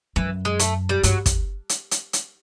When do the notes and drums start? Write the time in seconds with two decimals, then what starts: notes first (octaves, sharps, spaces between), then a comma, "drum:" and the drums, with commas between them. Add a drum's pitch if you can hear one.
0.16 F#2 E3
0.45 G#3
0.59 A3, drum: hi-hat
0.89 G3
1.03 G2 F#3, drum: hi-hat
1.26 drum: kick, hi-hat
1.69 drum: hi-hat
1.91 drum: hi-hat
2.13 drum: hi-hat